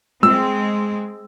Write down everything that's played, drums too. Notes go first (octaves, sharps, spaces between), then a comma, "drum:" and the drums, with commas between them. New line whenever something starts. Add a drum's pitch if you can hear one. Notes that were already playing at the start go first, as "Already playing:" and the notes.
G#3 C4 E6, drum: tom G#3